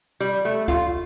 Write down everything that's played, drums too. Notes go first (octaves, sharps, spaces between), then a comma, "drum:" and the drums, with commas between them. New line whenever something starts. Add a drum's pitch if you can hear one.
G3
A3
F4, drum: kick C#2